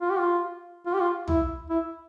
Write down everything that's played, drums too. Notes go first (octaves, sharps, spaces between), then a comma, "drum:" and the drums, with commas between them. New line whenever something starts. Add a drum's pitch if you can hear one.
F4
G4
F4
F4
G4
F4
E4, drum: tom
E4